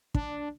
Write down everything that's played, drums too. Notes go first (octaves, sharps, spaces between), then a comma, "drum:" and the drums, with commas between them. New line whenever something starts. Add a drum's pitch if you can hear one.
D4, drum: kick